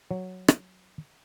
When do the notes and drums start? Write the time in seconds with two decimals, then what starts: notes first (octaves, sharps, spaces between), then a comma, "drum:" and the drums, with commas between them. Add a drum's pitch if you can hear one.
0.11 F#3
0.48 drum: rim click